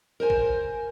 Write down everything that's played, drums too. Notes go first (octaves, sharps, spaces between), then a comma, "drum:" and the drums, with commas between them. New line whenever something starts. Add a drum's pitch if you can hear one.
A#4 C5 G#5
drum: kick